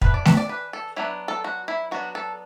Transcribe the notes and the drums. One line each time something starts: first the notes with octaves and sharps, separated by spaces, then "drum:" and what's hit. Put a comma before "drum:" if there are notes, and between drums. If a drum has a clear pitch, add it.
E3 D4 B4, drum: kick
D5
B4, drum: snare A3
D5
B4
A4
F#3 B3 D4 E4
A4
F#4
E4
F#3 B3 D4 F#4
A4